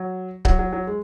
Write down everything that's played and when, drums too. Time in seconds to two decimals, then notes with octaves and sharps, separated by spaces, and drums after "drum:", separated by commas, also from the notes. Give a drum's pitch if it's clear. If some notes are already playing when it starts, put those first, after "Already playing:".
Already playing: F#3
0.45 F#3, drum: kick C#1
0.59 F#3
0.73 F#3
0.87 G#3